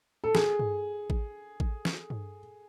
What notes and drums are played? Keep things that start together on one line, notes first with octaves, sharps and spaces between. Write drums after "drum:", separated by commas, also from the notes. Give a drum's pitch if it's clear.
A4
G#4, drum: snare
drum: tom G2
drum: kick A1
drum: kick A1
drum: snare
drum: tom G2